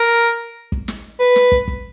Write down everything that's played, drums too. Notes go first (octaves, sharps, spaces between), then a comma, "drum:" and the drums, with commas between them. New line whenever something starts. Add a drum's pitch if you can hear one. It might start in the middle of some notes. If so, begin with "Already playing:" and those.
Already playing: A#4
drum: kick
drum: snare
B4
drum: snare
drum: kick
drum: kick